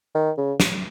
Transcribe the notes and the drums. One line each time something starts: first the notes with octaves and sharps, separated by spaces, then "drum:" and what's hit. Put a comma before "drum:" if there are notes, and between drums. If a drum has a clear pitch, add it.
D#3
C#3
drum: snare